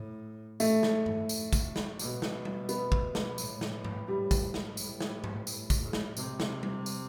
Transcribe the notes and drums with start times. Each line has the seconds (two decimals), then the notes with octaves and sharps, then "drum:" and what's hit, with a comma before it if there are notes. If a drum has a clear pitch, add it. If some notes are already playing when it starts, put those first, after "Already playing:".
Already playing: A2
0.60 A2 A3, drum: tambourine
0.83 drum: snare
1.06 drum: tom G2
1.29 drum: tambourine
1.53 drum: kick, tambourine
1.76 drum: snare
1.99 B2, drum: tambourine
2.22 drum: snare
2.45 drum: tom G3
2.69 B3, drum: tambourine
2.92 drum: kick
3.15 drum: snare
3.38 A2, drum: tambourine
3.61 drum: snare
3.85 drum: tom G#2
4.07 A2 G3
4.31 drum: kick, tambourine
4.54 drum: snare
4.77 A2, drum: tambourine
5.00 drum: snare
5.24 drum: tom G#2
5.47 A2, drum: tambourine
5.70 drum: kick, tambourine
5.81 A2
5.93 drum: snare
6.17 C3, drum: tambourine
6.40 drum: snare
6.63 drum: tom G3
6.86 drum: tambourine